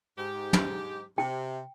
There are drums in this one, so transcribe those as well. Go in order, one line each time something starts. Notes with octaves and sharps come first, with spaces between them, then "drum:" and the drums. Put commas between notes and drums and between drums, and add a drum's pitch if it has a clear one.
G#2 G4
drum: tom
C3 G5